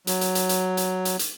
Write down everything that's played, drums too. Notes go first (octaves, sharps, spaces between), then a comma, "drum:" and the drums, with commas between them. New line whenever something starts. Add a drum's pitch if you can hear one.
F#3, drum: hi-hat
drum: hi-hat
drum: hi-hat
drum: hi-hat
drum: hi-hat
drum: hi-hat
drum: hi-hat